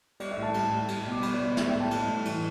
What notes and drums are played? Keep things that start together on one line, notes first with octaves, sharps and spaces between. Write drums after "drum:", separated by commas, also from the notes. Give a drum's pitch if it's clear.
G3 D5, drum: cymbal
E5
A2
A5
G3, drum: cymbal
A2
G3, drum: cymbal
B2
D6
G3 B5, drum: cymbal
D5
B2
D5
G3 E5, drum: snare
G5
A2
A5
G3, drum: cymbal
A2
E3, drum: cymbal